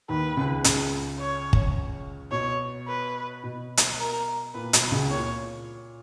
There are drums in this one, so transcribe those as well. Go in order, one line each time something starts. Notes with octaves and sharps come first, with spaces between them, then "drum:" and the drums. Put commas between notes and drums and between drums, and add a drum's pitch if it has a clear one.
D#2 D#3 B4
C#2 C#3
C#2 C#3, drum: hi-hat
C#5
drum: kick
B2 C#5
B4
B2
drum: hi-hat
A#4
A#2 B4
B2, drum: hi-hat
C#2 C#3
A#2 C#5